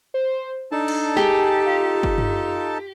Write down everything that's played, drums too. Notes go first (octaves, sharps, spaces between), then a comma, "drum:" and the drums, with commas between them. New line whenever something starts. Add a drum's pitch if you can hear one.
C5
D4 D#4 A4 A5
drum: cymbal
G4 G#4, drum: snare
F4
drum: kick F#1
drum: tom